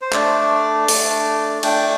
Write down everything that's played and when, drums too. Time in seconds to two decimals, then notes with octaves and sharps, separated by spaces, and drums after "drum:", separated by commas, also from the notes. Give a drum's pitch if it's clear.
0.01 C5
0.13 A3 D4 D5, drum: clap
0.88 A3 D4, drum: open hi-hat
1.63 A3 D4 G5, drum: cymbal